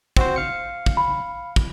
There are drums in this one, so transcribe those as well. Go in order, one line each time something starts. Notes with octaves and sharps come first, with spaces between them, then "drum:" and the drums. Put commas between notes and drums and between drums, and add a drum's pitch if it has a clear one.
C4 F#4 C5, drum: kick
F5 C#7
drum: kick
B5
drum: kick